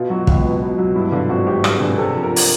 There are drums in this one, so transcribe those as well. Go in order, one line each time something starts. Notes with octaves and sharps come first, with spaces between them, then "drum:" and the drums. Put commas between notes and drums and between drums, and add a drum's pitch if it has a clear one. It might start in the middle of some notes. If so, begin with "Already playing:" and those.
Already playing: B2 F4
F#3 F#4
C#2 F4, drum: kick
B3
B2
F#3
G2 E4
D3 F4
G#1 F#4
G#1 G4
G2, drum: rim click
G#4
D3
C3 A4
F3
A#4
drum: open hi-hat